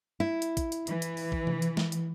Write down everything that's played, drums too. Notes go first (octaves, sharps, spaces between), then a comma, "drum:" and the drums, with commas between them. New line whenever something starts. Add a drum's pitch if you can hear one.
E4
drum: hi-hat
drum: kick, hi-hat
drum: hi-hat
E3, drum: hi-hat
drum: hi-hat
drum: open hi-hat
drum: kick
drum: tom C3
drum: hi-hat
drum: snare
drum: hi-hat